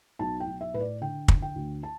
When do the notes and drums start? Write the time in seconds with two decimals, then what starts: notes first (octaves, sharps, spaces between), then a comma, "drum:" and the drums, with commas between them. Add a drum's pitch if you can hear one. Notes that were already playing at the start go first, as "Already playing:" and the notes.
0.19 B1 A5
0.40 G5
0.47 B1
0.61 E5
0.74 A2 B4
0.80 D5
1.01 D3 G5
1.28 D3, drum: kick
1.42 G5
1.55 D2
1.83 A5